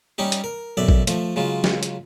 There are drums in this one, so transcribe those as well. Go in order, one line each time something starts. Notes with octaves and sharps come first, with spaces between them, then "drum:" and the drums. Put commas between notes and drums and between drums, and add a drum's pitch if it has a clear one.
G3 C#4 D#4 G4
drum: hi-hat
A#4
B1 F#2 D5 E5
drum: kick A1
F3 A3, drum: hi-hat
C#3 F#3 G#3 F4
drum: snare
drum: hi-hat